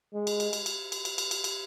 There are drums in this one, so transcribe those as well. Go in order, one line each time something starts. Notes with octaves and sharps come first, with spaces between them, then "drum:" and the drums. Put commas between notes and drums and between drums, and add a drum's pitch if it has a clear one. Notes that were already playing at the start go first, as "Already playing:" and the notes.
G#3
drum: cymbal
drum: cymbal
drum: cymbal
drum: cymbal
drum: cymbal
drum: cymbal
drum: cymbal
drum: cymbal
drum: cymbal